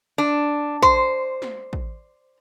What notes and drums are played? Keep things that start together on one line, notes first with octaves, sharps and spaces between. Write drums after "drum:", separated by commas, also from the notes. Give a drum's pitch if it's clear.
D4
C5, drum: kick
drum: snare
drum: kick